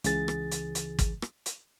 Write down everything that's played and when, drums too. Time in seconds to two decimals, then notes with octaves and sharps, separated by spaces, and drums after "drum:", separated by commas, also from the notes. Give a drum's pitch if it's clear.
0.04 C#2 C#3 E3 G#4 A6, drum: hi-hat
0.28 drum: rim click
0.52 drum: hi-hat
0.75 drum: hi-hat
0.99 drum: kick, hi-hat
1.22 drum: rim click
1.46 drum: hi-hat